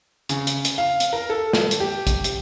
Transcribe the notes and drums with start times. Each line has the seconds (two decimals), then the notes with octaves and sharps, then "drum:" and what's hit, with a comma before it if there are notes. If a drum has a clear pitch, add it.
0.29 C#3, drum: hi-hat
0.47 drum: hi-hat
0.65 drum: hi-hat
0.78 F5
1.00 drum: hi-hat
1.13 A#4
1.30 A4
1.53 drum: snare
1.71 drum: hi-hat
1.80 G4
2.07 drum: kick A1, hi-hat
2.24 drum: hi-hat